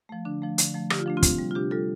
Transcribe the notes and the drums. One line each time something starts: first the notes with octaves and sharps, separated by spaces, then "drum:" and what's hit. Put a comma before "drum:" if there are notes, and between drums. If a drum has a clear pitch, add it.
F3 A3
D3 D4
F3 A3
D3, drum: hi-hat
F3 A3
D3 G4, drum: rim click
F4
F3 A3 D4
C4 F4
C3, drum: kick, hi-hat
G3
F4
C3 D4 G4
G3 F4 A4